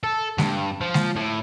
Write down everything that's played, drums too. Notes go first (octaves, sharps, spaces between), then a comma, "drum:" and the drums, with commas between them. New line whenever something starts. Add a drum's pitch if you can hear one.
A4
G2, drum: snare G#3
F3
drum: snare G#3
A2